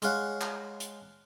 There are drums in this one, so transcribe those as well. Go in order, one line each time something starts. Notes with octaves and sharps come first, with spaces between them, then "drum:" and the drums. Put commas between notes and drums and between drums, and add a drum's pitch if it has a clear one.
G#3 G#4 C#5 F5 F#5, drum: hi-hat
drum: clap
drum: hi-hat